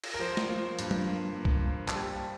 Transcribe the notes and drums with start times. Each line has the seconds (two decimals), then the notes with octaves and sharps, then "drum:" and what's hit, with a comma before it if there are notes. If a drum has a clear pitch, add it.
0.04 drum: cymbal
0.14 A#4
0.19 F3 C5
0.37 drum: snare
0.49 A#3
0.79 G2, drum: hi-hat
0.91 drum: tom F#3
1.07 A#3
1.36 A#3
1.45 drum: kick
1.66 A#3
1.88 A5, drum: clap
1.94 G3 G5